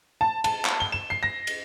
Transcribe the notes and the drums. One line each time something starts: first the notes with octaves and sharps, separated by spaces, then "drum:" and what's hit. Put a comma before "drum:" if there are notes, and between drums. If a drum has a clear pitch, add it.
A5
A5, drum: cymbal
drum: clap
G7
E7
C7
A#6
drum: cymbal